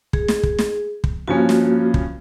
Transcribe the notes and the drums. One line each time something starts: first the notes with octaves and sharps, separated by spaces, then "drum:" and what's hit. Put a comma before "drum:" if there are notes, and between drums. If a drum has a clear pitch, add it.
G#4, drum: kick
drum: snare
drum: kick
drum: snare
drum: kick
G2 F3 A#3 C#4 F#4
drum: snare
drum: kick